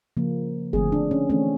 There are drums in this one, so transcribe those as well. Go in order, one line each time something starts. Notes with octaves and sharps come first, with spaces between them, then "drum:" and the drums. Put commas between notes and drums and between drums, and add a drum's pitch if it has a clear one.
C#3 F3 A#3
D3 F3 A3 C4 G#4, drum: kick F#1
D4
C#4
E3 A3 C4 C#4